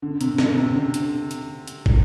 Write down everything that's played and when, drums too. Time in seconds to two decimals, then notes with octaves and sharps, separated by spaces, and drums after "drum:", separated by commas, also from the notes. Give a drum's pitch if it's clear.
0.02 D3
0.21 C3, drum: hi-hat
0.38 C3, drum: snare
0.57 C3
0.75 D3
0.94 drum: hi-hat
1.31 drum: hi-hat
1.68 drum: hi-hat
1.86 drum: kick